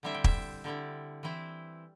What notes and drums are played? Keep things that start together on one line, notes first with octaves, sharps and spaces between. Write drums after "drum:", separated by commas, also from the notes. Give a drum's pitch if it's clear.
D3 G3 C4 E4 E5
G5
E5, drum: kick
D3 G3 C4 E4
E3 C4 E4